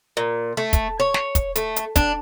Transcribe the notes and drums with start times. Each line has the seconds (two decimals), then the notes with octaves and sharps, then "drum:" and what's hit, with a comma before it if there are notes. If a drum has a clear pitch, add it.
0.17 A#2
0.57 A3
0.73 drum: kick, hi-hat
1.00 C#5
1.14 drum: snare
1.35 drum: kick, hi-hat
1.56 A3, drum: hi-hat
1.76 drum: hi-hat
1.96 D4, drum: kick, hi-hat